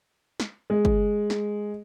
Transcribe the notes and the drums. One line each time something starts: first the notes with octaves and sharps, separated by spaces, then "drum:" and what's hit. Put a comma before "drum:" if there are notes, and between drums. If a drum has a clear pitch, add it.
drum: snare
G#3
drum: kick
drum: snare